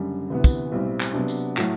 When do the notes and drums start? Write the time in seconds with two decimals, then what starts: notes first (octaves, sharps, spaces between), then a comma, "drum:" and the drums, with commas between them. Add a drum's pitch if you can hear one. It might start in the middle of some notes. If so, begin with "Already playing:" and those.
Already playing: F#1 F#2 D3 G3
0.30 D2 C3 E3 B3
0.44 drum: kick, tambourine
0.72 B1 A2 G3 C4
1.00 drum: clap
1.14 C3 F#3 B3 D4
1.28 drum: tambourine
1.57 A2 F#3 A3, drum: clap